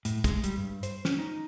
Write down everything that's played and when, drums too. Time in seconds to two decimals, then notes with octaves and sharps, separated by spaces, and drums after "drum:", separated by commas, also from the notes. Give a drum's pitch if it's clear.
0.05 A2, drum: hi-hat
0.24 G#3, drum: kick, hi-hat
0.44 G3, drum: hi-hat
0.57 G2
0.83 C5, drum: hi-hat
1.05 C#4, drum: snare
1.18 D#4